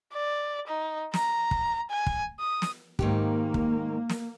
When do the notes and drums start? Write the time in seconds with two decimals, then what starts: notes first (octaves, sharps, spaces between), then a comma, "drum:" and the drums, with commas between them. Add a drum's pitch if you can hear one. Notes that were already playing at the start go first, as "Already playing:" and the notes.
0.14 D5
0.68 D#4
1.14 A#5, drum: snare
1.51 drum: kick
1.90 G#5
2.07 drum: kick
2.40 D#6
2.62 drum: snare
2.99 G#2 D#3 A#3 G4, drum: kick
3.54 drum: kick
4.10 drum: snare